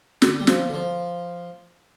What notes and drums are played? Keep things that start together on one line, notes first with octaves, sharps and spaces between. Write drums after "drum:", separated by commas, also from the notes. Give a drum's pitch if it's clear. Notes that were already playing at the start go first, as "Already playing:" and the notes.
D3, drum: snare
G3
F3, drum: snare
D3
F3